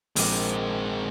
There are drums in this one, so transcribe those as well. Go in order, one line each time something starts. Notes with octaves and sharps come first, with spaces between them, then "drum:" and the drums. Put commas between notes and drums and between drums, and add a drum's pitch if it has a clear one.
A#1 G#3 C4 D6, drum: open hi-hat